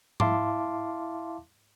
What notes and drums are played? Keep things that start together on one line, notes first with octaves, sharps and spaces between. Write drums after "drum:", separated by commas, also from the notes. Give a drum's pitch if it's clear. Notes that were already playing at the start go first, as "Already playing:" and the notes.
E4 E5 F5 A5 C6 D6, drum: tom G#2